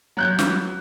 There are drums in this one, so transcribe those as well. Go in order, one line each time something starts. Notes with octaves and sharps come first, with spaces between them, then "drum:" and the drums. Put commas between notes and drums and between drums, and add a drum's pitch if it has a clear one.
F#3 F#6 G6
drum: snare